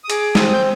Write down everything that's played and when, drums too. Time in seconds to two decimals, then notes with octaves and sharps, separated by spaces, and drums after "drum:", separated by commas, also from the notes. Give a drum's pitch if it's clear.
0.04 D#6
0.10 G#4 D6, drum: hi-hat
0.35 C4 D#6, drum: snare
0.53 G6